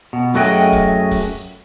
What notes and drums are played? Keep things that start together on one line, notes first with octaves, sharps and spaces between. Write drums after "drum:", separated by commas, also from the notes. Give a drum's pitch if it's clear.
B2
F#2 A3 F#4 G#4 D#5 G5, drum: open hi-hat
drum: kick, hi-hat
drum: kick, open hi-hat